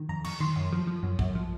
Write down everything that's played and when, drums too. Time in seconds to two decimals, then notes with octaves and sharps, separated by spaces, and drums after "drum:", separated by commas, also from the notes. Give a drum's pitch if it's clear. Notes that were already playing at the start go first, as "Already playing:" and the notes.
Already playing: D#3
0.09 F2 A#5
0.24 F2 C#6, drum: cymbal
0.40 D#3 C6
0.56 F#2
0.73 F3
0.87 F3
1.03 F#2
1.19 F#2, drum: kick A#1
1.35 F3